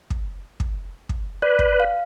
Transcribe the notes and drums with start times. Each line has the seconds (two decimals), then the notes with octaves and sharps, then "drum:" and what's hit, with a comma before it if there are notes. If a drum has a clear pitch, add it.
0.10 drum: kick
0.60 drum: kick
1.09 drum: kick
1.42 B4 D5
1.59 drum: kick
1.80 F5